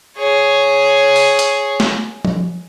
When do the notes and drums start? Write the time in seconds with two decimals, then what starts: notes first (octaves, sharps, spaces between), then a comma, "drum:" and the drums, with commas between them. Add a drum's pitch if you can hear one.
0.16 G#4 C#5
1.16 drum: open hi-hat
1.39 drum: hi-hat
1.80 drum: snare
2.25 drum: tom F3